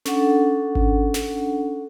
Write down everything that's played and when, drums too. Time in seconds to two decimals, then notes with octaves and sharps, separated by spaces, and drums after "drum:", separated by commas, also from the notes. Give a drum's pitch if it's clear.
0.05 C#4 D4 A4 F#5, drum: snare
0.75 drum: kick G#1
1.14 drum: snare